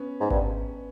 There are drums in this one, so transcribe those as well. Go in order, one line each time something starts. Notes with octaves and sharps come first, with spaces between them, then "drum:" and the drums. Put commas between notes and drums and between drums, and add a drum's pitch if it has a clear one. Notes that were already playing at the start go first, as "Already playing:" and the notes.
Already playing: B3 C#4
G#2
G2, drum: kick G#1